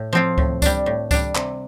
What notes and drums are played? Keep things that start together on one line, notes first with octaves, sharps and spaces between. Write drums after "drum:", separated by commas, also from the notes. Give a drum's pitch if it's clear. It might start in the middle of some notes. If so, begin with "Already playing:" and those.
Already playing: A2
F3 C4 F4
A2, drum: kick C#2
G3 D4, drum: kick C#2, tambourine
A2
G3 D4, drum: kick C#2, tambourine
C3, drum: clap